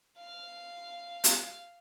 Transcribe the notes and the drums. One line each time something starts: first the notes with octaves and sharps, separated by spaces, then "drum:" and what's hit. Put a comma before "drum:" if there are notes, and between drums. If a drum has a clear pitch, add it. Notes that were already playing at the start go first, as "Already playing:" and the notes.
F5
drum: hi-hat